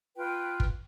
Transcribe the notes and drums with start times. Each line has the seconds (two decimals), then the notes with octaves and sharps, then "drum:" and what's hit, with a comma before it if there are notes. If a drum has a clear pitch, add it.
0.16 F4 B4 G5
0.60 drum: kick